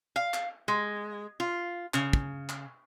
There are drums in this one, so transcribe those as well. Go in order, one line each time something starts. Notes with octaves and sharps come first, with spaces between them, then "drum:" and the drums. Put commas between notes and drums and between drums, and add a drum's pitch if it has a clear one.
F5
drum: clap
G#3
F4
C#3, drum: clap
drum: kick
drum: clap